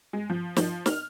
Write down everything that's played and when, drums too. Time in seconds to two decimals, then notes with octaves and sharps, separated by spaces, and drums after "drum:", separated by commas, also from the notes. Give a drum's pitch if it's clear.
0.13 G#3
0.30 F3
0.56 F3, drum: snare
0.86 F6, drum: snare